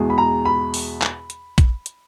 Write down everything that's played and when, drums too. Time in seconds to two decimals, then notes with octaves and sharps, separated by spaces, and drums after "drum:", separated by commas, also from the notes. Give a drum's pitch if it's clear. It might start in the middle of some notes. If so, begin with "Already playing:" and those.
Already playing: E2 B2 G#3
0.10 B5
0.18 A#5
0.45 B5
0.74 drum: open hi-hat
1.02 drum: clap
1.30 drum: hi-hat
1.58 drum: kick, hi-hat
1.86 drum: hi-hat